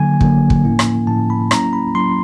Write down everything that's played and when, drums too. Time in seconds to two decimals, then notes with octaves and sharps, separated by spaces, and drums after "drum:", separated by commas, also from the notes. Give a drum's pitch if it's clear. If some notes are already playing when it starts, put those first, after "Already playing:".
Already playing: D3 F#3 A#3 G#5
0.21 D3 F#3 A#3, drum: kick
0.50 drum: kick
0.64 A2 F3 A#3 C#4 E4
0.79 drum: rim click
1.07 A2 F3 A#3 C#4 E4 A5
1.30 B5
1.51 F#3 A#3 C#4 E4 A#5, drum: rim click
1.73 B5
1.95 F#3 A#3 C#4 E4 C6